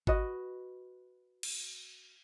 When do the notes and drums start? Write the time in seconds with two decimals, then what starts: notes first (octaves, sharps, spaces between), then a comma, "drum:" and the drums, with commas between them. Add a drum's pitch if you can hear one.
0.07 F#4 B4 D#5, drum: kick G#1
1.43 drum: cymbal